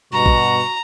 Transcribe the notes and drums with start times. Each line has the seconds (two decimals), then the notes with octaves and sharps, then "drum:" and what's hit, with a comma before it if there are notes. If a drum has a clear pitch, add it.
0.13 G2 B2 F#4 A#5
0.26 drum: kick A1